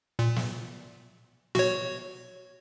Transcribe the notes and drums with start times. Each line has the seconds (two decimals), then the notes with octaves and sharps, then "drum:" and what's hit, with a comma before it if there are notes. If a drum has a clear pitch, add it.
0.19 A#2
0.36 drum: snare
1.55 F#4 C#5, drum: snare